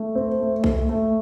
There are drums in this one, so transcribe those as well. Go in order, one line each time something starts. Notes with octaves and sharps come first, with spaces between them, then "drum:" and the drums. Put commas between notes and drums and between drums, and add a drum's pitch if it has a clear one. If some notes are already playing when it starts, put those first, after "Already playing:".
Already playing: A3
C4
A3
A3, drum: kick B1
A3